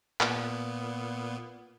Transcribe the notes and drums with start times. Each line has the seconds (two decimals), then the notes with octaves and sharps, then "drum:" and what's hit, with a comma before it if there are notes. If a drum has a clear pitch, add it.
0.21 A#2 B3, drum: clap